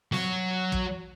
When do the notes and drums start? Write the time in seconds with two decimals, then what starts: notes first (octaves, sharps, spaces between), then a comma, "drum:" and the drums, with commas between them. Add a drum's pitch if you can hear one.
0.12 F#3 F#4, drum: snare
0.72 drum: kick